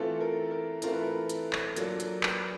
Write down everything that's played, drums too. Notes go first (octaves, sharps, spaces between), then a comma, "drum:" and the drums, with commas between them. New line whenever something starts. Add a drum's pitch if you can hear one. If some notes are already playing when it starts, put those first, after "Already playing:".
Already playing: E3 A3 C4 F4 A4
A#4
A#4
E3 A3 C4 F4 A#4, drum: hi-hat
B4
A#4
drum: hi-hat
drum: clap
F#3 A#3 D4 F4 A4, drum: hi-hat
A#4, drum: hi-hat
B4, drum: clap